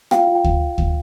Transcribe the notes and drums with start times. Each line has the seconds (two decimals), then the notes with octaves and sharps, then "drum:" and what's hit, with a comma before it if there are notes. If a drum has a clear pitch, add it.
0.11 F4 F5 G5, drum: rim click
0.27 F4
0.35 G5
0.44 drum: kick
0.78 drum: kick